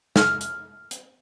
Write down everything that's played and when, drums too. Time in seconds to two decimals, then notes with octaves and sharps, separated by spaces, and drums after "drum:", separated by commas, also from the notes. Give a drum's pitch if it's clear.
0.16 F6, drum: snare
0.41 drum: hi-hat
0.91 drum: hi-hat